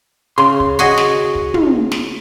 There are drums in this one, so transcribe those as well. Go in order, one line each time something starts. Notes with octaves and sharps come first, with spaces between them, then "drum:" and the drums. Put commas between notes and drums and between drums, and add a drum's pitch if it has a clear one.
C#3 C6
drum: kick
F#4 G#4 D#5
drum: snare
drum: kick
drum: tom
drum: snare